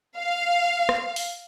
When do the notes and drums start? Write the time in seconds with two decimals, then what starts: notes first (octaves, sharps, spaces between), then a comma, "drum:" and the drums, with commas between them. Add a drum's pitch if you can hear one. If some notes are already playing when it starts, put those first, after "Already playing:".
0.17 F5
0.89 drum: rim click
1.16 drum: open hi-hat